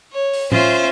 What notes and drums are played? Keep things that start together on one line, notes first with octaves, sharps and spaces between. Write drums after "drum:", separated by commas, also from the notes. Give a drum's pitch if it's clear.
C#5
drum: open hi-hat
C#4 F4 C5 E5, drum: tom A2